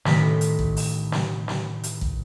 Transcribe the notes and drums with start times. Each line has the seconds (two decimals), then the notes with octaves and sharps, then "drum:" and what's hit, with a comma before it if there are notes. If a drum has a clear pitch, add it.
0.05 A1 D#3 A3 B6, drum: snare
0.41 drum: hi-hat
0.59 drum: kick
0.77 drum: open hi-hat
1.12 drum: snare
1.48 drum: snare
1.84 drum: hi-hat
2.01 drum: kick